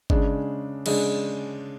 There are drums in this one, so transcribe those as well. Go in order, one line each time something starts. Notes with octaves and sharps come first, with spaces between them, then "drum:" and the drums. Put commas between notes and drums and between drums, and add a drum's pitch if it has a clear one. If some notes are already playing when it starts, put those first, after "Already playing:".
C#3 G#3 D4, drum: kick G1
C#3 G#3 D4, drum: cymbal